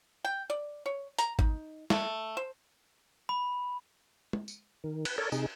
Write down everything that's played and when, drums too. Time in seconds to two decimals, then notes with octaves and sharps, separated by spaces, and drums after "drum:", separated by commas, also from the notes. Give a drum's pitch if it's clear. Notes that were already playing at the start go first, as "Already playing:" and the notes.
0.25 G5
0.50 D5
0.86 C#5
1.18 A#5, drum: hi-hat
1.39 D#4, drum: kick G#1
1.90 A3, drum: snare
2.37 C5
3.29 B5
4.33 drum: tom
4.48 drum: tambourine
4.84 D#3
5.05 B4, drum: cymbal
5.18 A4 A#4 C#5 D5
5.32 C3 D#4 G#4, drum: tambourine